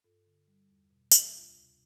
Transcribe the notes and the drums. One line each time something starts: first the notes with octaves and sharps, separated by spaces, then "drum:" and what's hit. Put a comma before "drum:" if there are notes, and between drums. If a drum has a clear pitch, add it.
G2 F4 A4
D3
G3
E2
B2
G3, drum: tambourine
D2 D4 F4
C3